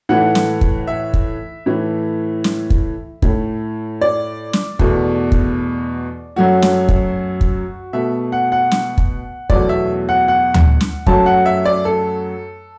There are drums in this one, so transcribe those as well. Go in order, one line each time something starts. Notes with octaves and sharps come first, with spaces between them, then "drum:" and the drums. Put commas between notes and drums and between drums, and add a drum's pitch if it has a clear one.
A2 E3 A3 F#5
drum: snare
drum: kick
E5
drum: kick
A2 E3 A3
drum: snare
drum: kick
A2 A3, drum: kick
D5
drum: snare
E2 B2 A3, drum: kick
drum: kick
F#2 F#3 A3 F#4
drum: snare
drum: kick
drum: kick
B2 A3 E5
F#5
F#5
drum: snare
drum: kick
E2 B2 F#3 A3 D5, drum: kick
E5
F#5
F#5
drum: tom D2
drum: snare
F#2 F#3 A3 A5, drum: kick
F#5
E5
D5
A4